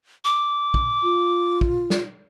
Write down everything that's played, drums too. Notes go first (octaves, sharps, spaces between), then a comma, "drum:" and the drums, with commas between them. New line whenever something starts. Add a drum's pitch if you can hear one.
D6
drum: kick
F4
drum: kick
drum: snare